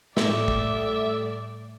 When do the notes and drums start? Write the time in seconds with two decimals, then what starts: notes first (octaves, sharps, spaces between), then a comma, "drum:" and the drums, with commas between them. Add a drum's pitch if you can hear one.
0.17 A2 G3 A3 A4 D5 E5, drum: snare
0.48 drum: kick